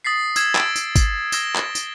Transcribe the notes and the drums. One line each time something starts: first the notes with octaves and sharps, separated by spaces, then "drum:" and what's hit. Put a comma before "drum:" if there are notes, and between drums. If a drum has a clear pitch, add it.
D#6 A6 B6 C7
E6 G#6 E7, drum: tambourine
E6 A6 D7, drum: clap
drum: tambourine
drum: kick, tambourine
E6 G#6 A#6 E7 G7, drum: tambourine
drum: clap
drum: tambourine